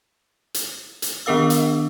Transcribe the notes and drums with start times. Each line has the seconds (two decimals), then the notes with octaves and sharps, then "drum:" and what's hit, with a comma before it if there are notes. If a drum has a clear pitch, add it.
0.54 drum: hi-hat
1.02 drum: hi-hat
1.26 D#3 B3 D4 A#4 F5 E6
1.50 drum: hi-hat